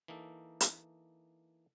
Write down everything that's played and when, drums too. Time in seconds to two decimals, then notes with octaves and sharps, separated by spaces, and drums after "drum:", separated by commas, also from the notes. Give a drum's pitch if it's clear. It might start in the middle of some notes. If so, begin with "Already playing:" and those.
0.08 E3 A#3 D#4 A4
0.61 drum: hi-hat